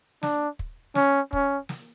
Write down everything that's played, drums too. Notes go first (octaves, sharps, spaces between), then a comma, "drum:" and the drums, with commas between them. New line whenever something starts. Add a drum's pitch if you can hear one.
D4, drum: snare
drum: kick
C#4, drum: snare
C#4, drum: kick
drum: snare